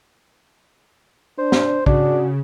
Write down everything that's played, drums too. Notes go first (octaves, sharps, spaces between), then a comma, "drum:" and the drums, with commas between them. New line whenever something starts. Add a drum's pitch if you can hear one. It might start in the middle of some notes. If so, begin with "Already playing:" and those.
D4 C5
drum: snare
C#3 D4 F#4, drum: kick